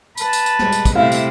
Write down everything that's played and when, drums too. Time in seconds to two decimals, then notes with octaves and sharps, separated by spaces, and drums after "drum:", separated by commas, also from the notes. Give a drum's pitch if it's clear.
0.17 B4 A5, drum: tambourine
0.33 drum: tambourine
0.46 drum: tambourine
0.59 G3 G#3, drum: snare
0.72 drum: tambourine
0.85 drum: kick, tambourine
0.95 C3 A3 E4 F5
1.12 drum: tambourine